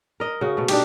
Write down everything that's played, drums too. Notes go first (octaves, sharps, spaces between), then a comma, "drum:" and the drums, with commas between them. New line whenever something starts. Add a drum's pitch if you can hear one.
A#4 D#5
C#3 F#4
B2 A3
D4 D#4 G4, drum: cymbal